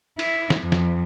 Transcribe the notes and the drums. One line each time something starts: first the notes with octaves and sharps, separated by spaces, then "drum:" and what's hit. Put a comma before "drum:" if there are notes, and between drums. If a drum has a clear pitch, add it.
E4, drum: cymbal
drum: snare
F2
drum: snare